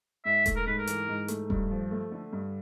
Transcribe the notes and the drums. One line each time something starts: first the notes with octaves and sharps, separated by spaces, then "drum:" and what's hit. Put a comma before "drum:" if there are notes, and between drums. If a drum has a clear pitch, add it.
G#2 E5
A3, drum: kick D#1, hi-hat
A#4
G#2 B4
A#4
E3, drum: hi-hat
G#2
A3, drum: hi-hat
G2, drum: kick D#1
F3
A3
D3
G2